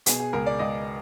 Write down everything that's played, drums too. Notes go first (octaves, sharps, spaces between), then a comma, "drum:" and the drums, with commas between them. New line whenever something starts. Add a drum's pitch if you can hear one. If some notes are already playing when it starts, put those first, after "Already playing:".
B2 G#4, drum: hi-hat
G#4
C#2 A#4
D5
C#2 D#5